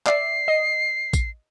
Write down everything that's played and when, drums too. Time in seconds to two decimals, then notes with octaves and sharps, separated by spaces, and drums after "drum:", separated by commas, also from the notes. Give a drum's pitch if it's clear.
0.07 D5 E5 C7, drum: clap
0.48 D#5
1.13 drum: kick, tambourine